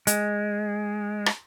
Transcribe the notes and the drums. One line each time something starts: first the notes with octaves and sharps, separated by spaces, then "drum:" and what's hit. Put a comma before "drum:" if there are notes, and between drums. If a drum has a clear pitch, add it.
G#3, drum: hi-hat
drum: rim click